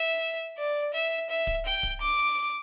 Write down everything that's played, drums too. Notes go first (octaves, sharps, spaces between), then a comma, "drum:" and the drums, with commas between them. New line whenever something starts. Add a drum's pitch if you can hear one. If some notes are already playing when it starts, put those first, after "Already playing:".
Already playing: E5
D5
E5
E5
drum: kick D1
G5
drum: kick D1
D6